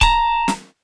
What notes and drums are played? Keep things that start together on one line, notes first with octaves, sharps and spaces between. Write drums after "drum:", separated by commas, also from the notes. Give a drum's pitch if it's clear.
A5 A#5, drum: kick C#1, hi-hat
drum: snare